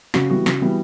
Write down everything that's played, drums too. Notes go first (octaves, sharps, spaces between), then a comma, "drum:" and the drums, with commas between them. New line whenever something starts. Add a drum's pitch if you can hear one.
C#3 F#4, drum: snare
E3 G3 B3 F#4
C#3, drum: snare
E3 G3 B3